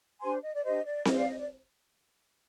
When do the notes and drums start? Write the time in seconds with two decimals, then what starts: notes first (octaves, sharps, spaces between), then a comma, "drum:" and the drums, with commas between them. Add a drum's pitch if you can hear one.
0.21 D4 G4 C5 G#5 C6
0.43 D#5
0.54 D5
0.64 D4 G4 C5 D#5
0.85 D5
1.05 F4 G#4 C5 D#5, drum: snare C4
1.16 D5 F5
1.27 D#5
1.38 D5